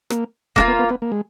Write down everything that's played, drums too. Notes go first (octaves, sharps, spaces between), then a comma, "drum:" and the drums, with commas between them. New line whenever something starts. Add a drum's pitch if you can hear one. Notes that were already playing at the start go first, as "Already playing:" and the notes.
A#3, drum: rim click
G#3 A#3 D4 F4, drum: kick E1
B3
B3
B3
A#3
G#3